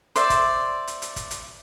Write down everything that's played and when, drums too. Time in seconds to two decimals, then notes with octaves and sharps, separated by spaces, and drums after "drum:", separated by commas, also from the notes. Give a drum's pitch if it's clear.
0.16 C5 D5 E5, drum: hi-hat
0.30 drum: kick, hi-hat
0.87 drum: hi-hat
1.02 drum: hi-hat
1.16 drum: kick, hi-hat
1.31 drum: hi-hat